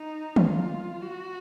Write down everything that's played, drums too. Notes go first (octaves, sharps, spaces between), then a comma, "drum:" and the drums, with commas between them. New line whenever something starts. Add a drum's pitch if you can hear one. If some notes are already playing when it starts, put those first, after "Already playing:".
Already playing: D#4
F4, drum: tom
F#4